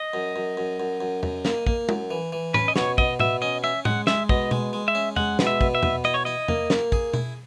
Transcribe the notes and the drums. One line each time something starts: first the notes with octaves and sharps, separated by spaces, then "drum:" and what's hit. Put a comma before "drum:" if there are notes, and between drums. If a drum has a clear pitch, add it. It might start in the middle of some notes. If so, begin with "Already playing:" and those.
Already playing: D#5
F#2
F#2
F#2
F#2
F#2
F#2, drum: tom E2
A#3, drum: snare
A#3, drum: kick
F#2, drum: tom
E3
E3
C#4 B4, drum: tom A2
D#5
B2 C#5, drum: snare
B2 D#5, drum: kick
B2 E5, drum: tom A2
C#4 D#5
C#4 E5
G#3 F#5, drum: tom A2
G#3 E5, drum: snare
B2 D#5, drum: kick
G#3, drum: tom B2
G#3
E5
C#4
G#3 F#5, drum: tom E2
B2, drum: snare
E5
B2, drum: kick
E5
B2, drum: tom E2
E4 D#5
C#5
E4 D#5
A#3, drum: tom E2
A#3, drum: snare
G#4, drum: kick
E4, drum: tom B2